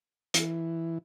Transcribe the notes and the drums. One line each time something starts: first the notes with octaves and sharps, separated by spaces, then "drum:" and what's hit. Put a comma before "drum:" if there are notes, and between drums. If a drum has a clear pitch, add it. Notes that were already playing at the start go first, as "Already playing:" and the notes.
E3, drum: hi-hat